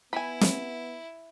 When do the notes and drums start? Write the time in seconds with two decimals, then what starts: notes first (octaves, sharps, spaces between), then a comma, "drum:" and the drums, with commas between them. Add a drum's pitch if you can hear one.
0.13 B3 E4 G#5 B5
0.41 drum: snare